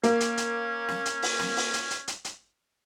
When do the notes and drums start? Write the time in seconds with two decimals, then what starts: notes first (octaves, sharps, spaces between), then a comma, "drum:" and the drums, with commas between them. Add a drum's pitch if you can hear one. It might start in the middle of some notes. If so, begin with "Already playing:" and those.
0.03 A#3 C#4, drum: hi-hat
0.20 drum: hi-hat
0.37 drum: hi-hat
0.88 drum: snare
1.05 drum: hi-hat
1.22 drum: open hi-hat
1.40 drum: snare
1.57 drum: open hi-hat
1.74 drum: hi-hat
1.91 drum: hi-hat
2.08 drum: hi-hat
2.25 drum: hi-hat